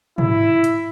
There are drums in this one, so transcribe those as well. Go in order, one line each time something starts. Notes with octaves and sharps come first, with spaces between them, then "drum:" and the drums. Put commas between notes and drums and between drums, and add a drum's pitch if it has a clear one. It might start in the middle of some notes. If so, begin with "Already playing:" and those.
E4, drum: tom
drum: hi-hat